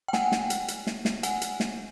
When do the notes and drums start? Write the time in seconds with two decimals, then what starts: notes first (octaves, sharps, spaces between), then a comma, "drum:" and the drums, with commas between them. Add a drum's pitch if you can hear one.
0.08 G5
0.13 F#5 G#5, drum: snare
0.32 drum: snare
0.50 drum: hi-hat
0.68 drum: hi-hat
0.87 drum: snare
1.05 drum: snare
1.23 F#5 G#5, drum: hi-hat
1.42 drum: hi-hat
1.60 drum: snare